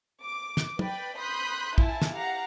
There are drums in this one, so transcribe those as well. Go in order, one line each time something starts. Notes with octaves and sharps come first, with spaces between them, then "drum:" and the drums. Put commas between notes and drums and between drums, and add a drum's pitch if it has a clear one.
D6
drum: snare
B4 D5 G5 B5, drum: tom
B5 C6 D#6 F#6 G6 B6
E4 F4 G#5 A5, drum: kick
drum: snare
G4 F5 F#5 A#5